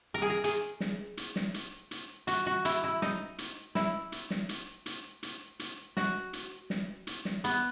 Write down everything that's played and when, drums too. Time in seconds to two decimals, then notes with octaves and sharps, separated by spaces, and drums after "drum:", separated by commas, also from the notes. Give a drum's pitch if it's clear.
0.14 A#4
0.22 G#4
0.30 A#4
0.44 G#4, drum: hi-hat
0.80 drum: snare
1.17 drum: hi-hat
1.36 drum: snare
1.54 drum: hi-hat
1.91 drum: hi-hat
2.27 F#4, drum: hi-hat
2.46 F#4
2.65 E4, drum: hi-hat
2.84 E4
3.02 D#4, drum: snare
3.38 drum: hi-hat
3.75 E4, drum: snare
4.12 drum: hi-hat
4.30 drum: snare
4.49 drum: hi-hat
4.86 drum: hi-hat
5.23 drum: hi-hat
5.59 drum: hi-hat
5.97 F#4, drum: snare
6.33 drum: hi-hat
6.70 drum: snare
7.07 drum: hi-hat
7.25 drum: snare
7.44 B3, drum: hi-hat